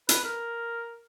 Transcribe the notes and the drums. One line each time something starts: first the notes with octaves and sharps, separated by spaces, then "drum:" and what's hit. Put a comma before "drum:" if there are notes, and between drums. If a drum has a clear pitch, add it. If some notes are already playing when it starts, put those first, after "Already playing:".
B4, drum: hi-hat
A#4